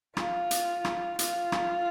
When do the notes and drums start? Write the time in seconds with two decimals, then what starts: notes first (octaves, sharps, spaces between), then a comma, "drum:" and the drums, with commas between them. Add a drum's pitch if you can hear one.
0.17 F4, drum: rim click
0.51 drum: hi-hat
0.85 drum: rim click
1.19 F4, drum: hi-hat
1.52 drum: rim click